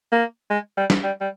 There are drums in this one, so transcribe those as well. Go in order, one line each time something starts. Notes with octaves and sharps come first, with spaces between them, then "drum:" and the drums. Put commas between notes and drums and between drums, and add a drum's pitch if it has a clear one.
A#3
G#3
G3
drum: snare
G3
G3